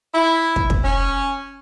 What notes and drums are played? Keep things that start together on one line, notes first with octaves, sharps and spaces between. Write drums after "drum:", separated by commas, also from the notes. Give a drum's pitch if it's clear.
E4
drum: kick
drum: kick
C#4